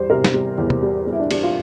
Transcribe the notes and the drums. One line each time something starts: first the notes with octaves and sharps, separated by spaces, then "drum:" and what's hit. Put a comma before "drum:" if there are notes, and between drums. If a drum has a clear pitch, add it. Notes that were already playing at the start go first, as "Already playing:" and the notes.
Already playing: E2 G3 C5
C3 A#4
drum: snare
G3
E2
drum: tom
G3
G3
E4
D4
G3 D4, drum: cymbal
F4